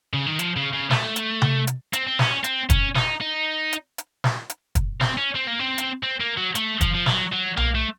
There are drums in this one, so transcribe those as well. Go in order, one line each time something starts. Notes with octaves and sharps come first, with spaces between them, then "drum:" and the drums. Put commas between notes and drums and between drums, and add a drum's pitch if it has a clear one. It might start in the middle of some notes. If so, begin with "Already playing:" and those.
C#3
D#3
F3, drum: hi-hat
C#3
C#3
A3, drum: snare
drum: hi-hat
drum: tom C3
drum: hi-hat
C4, drum: hi-hat
C4
C#4, drum: snare
C4, drum: hi-hat
C#4, drum: kick, hi-hat
D#4, drum: snare
D#4
drum: hi-hat
drum: hi-hat
drum: snare
drum: hi-hat
drum: kick, hi-hat
C4, drum: snare
C#4
C4
A#3
C4
drum: hi-hat
C4
A#3
F#3
A3, drum: hi-hat
F3, drum: kick, hi-hat
F3
F#3, drum: snare
F#3
A#3, drum: tom B1
A3